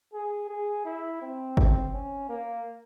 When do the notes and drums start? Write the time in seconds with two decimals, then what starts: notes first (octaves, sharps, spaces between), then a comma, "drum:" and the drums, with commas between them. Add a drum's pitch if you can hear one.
0.13 G#4
0.49 G#4
0.85 E4
1.22 C4
1.57 drum: kick G1
1.93 C#4
2.29 A#3